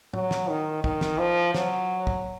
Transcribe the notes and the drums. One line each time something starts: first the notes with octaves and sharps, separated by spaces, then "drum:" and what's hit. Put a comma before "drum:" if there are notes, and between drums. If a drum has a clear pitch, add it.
F#3, drum: tom A2
drum: snare
D#3
D#3, drum: kick
drum: snare
F3
F#3, drum: snare
drum: kick